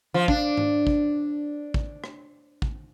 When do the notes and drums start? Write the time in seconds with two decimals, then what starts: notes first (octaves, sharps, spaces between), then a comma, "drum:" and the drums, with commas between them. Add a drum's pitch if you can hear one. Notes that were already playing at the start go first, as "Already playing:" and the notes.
0.14 F3
0.28 D4, drum: kick
0.57 drum: tom G#2
0.87 drum: kick
1.74 drum: kick
2.04 drum: rim click
2.62 drum: kick